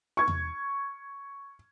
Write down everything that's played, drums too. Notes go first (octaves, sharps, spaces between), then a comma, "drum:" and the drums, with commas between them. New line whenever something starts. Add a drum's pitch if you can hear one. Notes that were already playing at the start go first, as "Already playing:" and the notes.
C#6 G#6
drum: tom E2